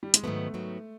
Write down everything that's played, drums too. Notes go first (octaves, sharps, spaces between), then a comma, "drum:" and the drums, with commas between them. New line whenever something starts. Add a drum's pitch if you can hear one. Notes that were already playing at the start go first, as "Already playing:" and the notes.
G3
G#3, drum: hi-hat
G#2 D#3 F#3 A3 B3
G#2 D#3 F#3 B3